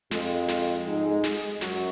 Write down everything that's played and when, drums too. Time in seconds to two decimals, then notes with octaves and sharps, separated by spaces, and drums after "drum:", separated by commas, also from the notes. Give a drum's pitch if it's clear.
0.11 F2 G#3, drum: snare
0.49 drum: snare
0.87 G#2
1.24 drum: snare
1.61 F#2 F#3, drum: snare